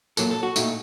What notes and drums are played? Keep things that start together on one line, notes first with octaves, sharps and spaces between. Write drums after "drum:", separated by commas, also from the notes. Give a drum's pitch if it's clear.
A#2 F#3 A#3 A4, drum: tambourine
A4
F#4
A#2 A3 D#4, drum: tambourine